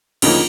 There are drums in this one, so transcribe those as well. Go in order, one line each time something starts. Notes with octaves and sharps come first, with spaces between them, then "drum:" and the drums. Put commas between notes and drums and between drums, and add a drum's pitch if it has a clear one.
D2 C#3 F3 A#3 D#4, drum: cymbal